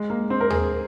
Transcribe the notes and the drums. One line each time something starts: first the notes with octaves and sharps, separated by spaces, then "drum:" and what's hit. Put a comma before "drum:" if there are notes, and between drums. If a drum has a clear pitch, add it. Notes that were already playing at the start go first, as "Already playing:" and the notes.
Already playing: G#3
A#3
C4
A#4
G#4, drum: tom D#2